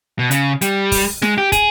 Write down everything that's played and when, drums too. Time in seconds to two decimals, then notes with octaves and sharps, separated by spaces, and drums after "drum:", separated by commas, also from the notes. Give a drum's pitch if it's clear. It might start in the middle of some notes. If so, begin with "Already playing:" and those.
0.19 B2
0.31 C#3, drum: hi-hat
0.61 G3, drum: hi-hat
0.92 drum: kick, open hi-hat
1.22 G#3, drum: snare
1.38 G4
1.52 G#4, drum: kick, hi-hat